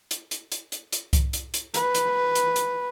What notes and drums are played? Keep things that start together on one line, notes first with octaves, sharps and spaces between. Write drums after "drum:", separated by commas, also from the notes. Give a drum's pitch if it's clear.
drum: hi-hat
drum: hi-hat
drum: hi-hat
drum: hi-hat
drum: hi-hat
drum: kick C2, hi-hat
drum: hi-hat
drum: hi-hat
B4, drum: hi-hat
drum: hi-hat
drum: hi-hat
drum: hi-hat